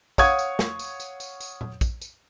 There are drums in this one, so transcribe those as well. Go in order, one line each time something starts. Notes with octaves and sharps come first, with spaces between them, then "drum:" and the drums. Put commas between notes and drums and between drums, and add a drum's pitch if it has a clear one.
C#5 F5 F#5 C#6 D#6 G#6, drum: kick, tambourine
drum: tambourine
drum: snare
drum: tambourine
drum: tambourine
drum: tambourine
drum: tambourine
drum: tom A#2
drum: kick, tambourine
drum: tambourine